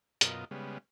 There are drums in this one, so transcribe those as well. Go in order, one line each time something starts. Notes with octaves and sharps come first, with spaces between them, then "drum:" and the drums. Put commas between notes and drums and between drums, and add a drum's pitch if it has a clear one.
F#2 B2 F4 A#4 D#5, drum: hi-hat
C#3 G3 G#3 B3